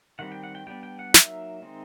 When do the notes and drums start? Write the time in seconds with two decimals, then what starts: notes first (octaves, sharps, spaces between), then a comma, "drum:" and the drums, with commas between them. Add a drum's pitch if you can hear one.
0.19 D#3 G3 C4 F#5
0.32 G5
0.44 F#5
0.55 G5
0.67 G3 B3 D4 G5
0.83 G5
0.99 F#5
1.14 F#3 A#3 D#4 E5, drum: snare
1.62 D#3 G#3 C4 D#4